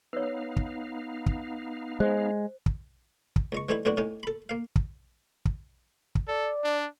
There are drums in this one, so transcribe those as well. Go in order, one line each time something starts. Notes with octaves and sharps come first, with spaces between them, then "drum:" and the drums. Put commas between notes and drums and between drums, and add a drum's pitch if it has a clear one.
B3 D#4 B4 C#5 F5
drum: kick
drum: kick
G#3 C5
drum: kick
drum: kick
C#2 D#5 C#6
E3 G3 A3 C4 D#4 E4
B1 A2 B3 D4 F#4
A2 C#4 D#4
A4 B5
A#3 F5
drum: kick
drum: kick
drum: kick
A4 D5
D4